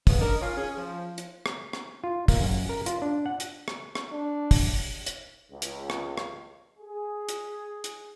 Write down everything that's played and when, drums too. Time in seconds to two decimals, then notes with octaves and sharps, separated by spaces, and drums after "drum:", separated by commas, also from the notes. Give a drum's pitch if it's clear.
0.07 C#3 B3, drum: kick, open hi-hat
0.20 D4 D#4 A#4
0.41 D#3 C#4 F4 C#5 F5
0.57 C#4 G#4
0.77 F3
1.18 drum: hi-hat
1.46 drum: rim click
1.73 drum: rim click
2.04 F4
2.28 A#3, drum: kick, open hi-hat
2.41 F#2
2.69 A#4
2.86 F4, drum: hi-hat
3.02 D4
3.26 F#5
3.40 drum: hi-hat
3.68 drum: rim click
3.95 drum: rim click
4.12 D4
4.51 drum: kick, open hi-hat
5.06 drum: hi-hat
5.50 C#2
5.62 drum: hi-hat
5.90 drum: rim click
6.18 drum: rim click
6.79 G#4
7.29 drum: hi-hat
7.84 drum: hi-hat